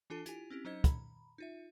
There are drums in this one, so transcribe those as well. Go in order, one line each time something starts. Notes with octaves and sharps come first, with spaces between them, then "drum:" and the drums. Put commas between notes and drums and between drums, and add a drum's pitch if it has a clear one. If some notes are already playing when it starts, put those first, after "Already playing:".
E3 D4 F4 A4 A5
E4 F4 G4 G#5, drum: hi-hat
C4 C#4 E4 G4
F#3 C#4 D#4 C5 D#5 G#6
A#5 B5, drum: kick, hi-hat
D#4 F4 E5